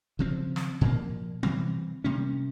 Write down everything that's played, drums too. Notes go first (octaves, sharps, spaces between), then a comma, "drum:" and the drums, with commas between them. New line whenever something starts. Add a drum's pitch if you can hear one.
C#3 F3 C4
drum: snare
A#2 F3 A#3
E3 G3 C4, drum: tom C3
C3 G3 A#3 C#4